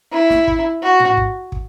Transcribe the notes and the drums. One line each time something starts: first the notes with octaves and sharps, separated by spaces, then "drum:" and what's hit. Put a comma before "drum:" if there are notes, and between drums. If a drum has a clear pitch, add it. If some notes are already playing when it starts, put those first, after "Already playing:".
E4
drum: snare
drum: kick
F#4
drum: tom
drum: kick
drum: kick